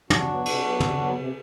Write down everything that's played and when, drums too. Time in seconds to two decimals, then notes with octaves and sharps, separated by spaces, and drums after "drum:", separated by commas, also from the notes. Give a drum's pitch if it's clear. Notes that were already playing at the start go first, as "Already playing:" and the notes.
0.10 C3 D4 F#4, drum: tom
0.28 F#3 B3
0.46 C3, drum: cymbal
0.63 F#3 B3
0.80 C3, drum: tom
0.97 F#3 B3
1.15 C3